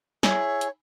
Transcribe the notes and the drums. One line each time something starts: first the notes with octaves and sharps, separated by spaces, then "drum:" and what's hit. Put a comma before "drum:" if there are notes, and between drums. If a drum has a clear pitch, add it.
E4 G#4 C#5, drum: snare
drum: hi-hat